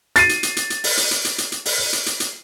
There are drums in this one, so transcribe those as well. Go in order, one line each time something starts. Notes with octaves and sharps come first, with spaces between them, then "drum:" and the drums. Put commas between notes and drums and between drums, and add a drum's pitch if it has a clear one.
A6 C7 D#7, drum: hi-hat
drum: hi-hat
drum: hi-hat
drum: hi-hat
drum: hi-hat
drum: open hi-hat
drum: hi-hat
drum: hi-hat
drum: hi-hat
drum: hi-hat
drum: hi-hat
drum: open hi-hat
drum: hi-hat
drum: hi-hat
drum: hi-hat